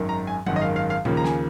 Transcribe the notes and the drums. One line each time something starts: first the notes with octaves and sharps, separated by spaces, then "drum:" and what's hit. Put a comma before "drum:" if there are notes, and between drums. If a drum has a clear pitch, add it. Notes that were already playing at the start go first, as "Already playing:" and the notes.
Already playing: G#1 F#2 D#3
A#5
G#5
G#1 F#2 D#3 F#5, drum: tom
D#5
F5
F5
F5
D#2 C#3 F3 A#3, drum: tom A#2
A#5
G#5, drum: snare